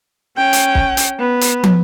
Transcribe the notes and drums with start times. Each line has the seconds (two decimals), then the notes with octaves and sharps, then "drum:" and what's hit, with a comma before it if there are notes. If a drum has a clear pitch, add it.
0.37 C#4 G5
0.53 drum: hi-hat
0.75 drum: kick
0.97 drum: hi-hat
1.19 B3
1.41 drum: hi-hat
1.64 drum: tom